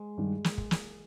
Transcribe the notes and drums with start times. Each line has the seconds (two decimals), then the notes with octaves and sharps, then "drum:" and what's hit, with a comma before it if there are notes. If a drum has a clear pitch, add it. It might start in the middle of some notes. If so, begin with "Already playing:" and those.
Already playing: G#3
0.18 G2 D#3 G3
0.44 drum: snare
0.58 drum: kick
0.71 drum: snare